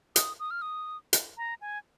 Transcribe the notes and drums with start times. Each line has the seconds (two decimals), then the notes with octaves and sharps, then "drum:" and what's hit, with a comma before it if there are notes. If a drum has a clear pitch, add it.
0.16 D#6, drum: hi-hat
0.40 D#6
0.51 F6
0.62 D#6
1.13 drum: hi-hat
1.37 A#5
1.61 G#5